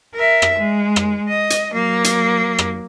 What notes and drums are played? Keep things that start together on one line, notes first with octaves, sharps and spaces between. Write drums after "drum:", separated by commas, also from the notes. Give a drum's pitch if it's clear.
A#4 E5
drum: rim click
G#3
drum: rim click
D#5
drum: hi-hat
F#3 A#3
drum: hi-hat
drum: rim click